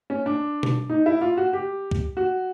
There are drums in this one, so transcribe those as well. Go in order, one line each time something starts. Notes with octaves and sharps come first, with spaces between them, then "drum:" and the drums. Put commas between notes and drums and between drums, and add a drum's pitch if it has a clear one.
C#4
D4
drum: tom B2
D#4
E4
F4
F#4
G4
drum: kick C#2
F#4